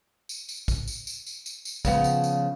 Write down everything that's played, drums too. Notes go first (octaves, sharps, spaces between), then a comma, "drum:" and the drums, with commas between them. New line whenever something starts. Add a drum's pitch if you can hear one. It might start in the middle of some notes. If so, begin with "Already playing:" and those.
drum: tambourine
drum: tambourine
drum: kick, tambourine
drum: tambourine
drum: tambourine
drum: tambourine
drum: tambourine
drum: tambourine
C#3 F3 B3, drum: kick, tambourine
drum: tambourine
drum: tambourine